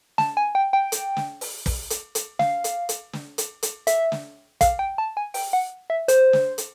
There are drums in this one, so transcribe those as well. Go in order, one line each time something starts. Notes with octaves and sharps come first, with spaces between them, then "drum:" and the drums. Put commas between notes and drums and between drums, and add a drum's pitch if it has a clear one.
A5, drum: snare
G#5
G5
G5
drum: hi-hat
drum: snare
drum: open hi-hat
drum: kick, open hi-hat
drum: hi-hat
drum: hi-hat
F5, drum: snare
drum: hi-hat
drum: hi-hat
drum: snare
drum: hi-hat
drum: hi-hat
E5, drum: hi-hat
drum: snare
F5, drum: kick, hi-hat
G5
A5
G#5
G5, drum: open hi-hat
F#5
E5
C5, drum: hi-hat
drum: snare
drum: hi-hat